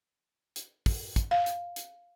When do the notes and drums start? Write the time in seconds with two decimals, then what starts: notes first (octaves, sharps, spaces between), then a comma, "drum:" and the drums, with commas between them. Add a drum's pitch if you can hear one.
0.56 drum: hi-hat
0.86 drum: kick, open hi-hat
1.16 drum: kick, hi-hat
1.31 F5
1.46 drum: hi-hat
1.76 drum: hi-hat